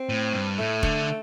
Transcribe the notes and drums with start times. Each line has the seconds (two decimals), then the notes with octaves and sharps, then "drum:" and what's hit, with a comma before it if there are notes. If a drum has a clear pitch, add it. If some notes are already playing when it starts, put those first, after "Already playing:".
Already playing: C4
0.09 A2
0.33 G2
0.58 A2 A3
0.83 D3, drum: kick E1